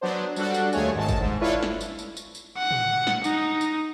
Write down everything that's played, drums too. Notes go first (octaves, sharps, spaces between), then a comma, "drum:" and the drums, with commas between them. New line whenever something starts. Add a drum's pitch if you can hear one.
F#3 B3 D4 C5
G3 D4 F#4 A4 F#5, drum: tambourine
drum: tambourine
D#2 G#3 A3 C#5 G#5, drum: tambourine
G#1 G#3 A5
drum: kick, tambourine
G#2
D4 E4 F4 A4 B4 C#5
drum: snare
drum: tambourine
drum: tambourine
drum: tambourine
drum: tambourine
F#5
drum: tom
drum: snare
D#4, drum: tambourine
drum: tambourine